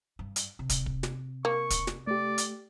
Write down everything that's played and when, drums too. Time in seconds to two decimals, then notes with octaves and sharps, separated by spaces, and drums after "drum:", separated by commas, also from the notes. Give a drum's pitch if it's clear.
0.19 G2
0.36 drum: hi-hat
0.59 C3
0.69 drum: kick, hi-hat
0.86 drum: kick
1.03 drum: snare
1.45 A#3 C#6
1.70 drum: kick, hi-hat
1.87 drum: snare
2.07 A3 G4 D5
2.38 drum: hi-hat